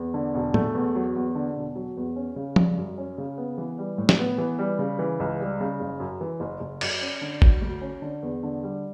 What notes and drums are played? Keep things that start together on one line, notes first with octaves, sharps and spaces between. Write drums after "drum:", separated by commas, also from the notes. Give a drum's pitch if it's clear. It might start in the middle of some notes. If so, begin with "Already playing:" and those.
Already playing: E2
D3
E1
A3, drum: tom A2
E2
F#3
E2
D3
E1
F#3
E2
C#4
C#3
G3, drum: tom F3
F#2
C#4
C#3
B3
E3
G3
A2
drum: snare
B3
E3
G3
C#3
E3
C#2
G3
C#3
F#1
F#2
E3
F#1
F#1
F#2, drum: cymbal
C#4
D3
F#3, drum: kick G#1
D2
C#4
D3
E2
D3
G3